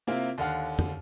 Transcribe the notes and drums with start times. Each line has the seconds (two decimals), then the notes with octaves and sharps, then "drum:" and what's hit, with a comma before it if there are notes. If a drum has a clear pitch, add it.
0.07 C3 A#3 C4 E4 F4
0.38 D#2 D3 F5 F#5 F6
0.79 drum: tom